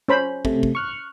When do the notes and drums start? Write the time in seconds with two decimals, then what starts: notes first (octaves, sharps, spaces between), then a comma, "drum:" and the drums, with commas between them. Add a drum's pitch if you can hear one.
0.08 C#4 C5 B5
0.45 C3 A3, drum: kick
0.63 drum: kick
0.75 C#6 F6 F#6